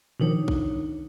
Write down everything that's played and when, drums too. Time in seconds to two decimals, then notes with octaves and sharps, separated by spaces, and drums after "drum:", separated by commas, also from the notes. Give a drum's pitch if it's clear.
0.20 B2 D#3 F3 D4 D#4 C#5
0.48 drum: kick A#1